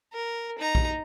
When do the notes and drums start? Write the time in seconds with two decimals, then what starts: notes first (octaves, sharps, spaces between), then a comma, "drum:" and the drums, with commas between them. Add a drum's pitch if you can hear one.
0.13 A#4
0.59 D#4 A#5
0.75 drum: kick A#1